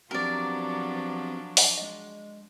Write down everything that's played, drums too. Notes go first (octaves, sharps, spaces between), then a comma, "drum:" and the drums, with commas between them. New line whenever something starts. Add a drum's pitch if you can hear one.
F3 F#3 B3 C4 D4 G4 A#4 D5
drum: open hi-hat
G#3 D#5